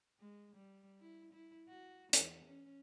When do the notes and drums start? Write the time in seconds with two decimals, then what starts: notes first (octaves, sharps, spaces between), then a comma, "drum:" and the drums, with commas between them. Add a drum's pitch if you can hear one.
0.20 G#3
0.55 G3
1.00 E4
1.32 E4
1.69 F#4
2.13 E2, drum: hi-hat
2.45 C#4